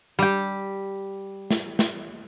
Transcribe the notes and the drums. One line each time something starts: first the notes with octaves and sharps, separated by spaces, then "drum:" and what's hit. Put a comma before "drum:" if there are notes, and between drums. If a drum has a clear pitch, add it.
G3 G4
drum: snare
drum: snare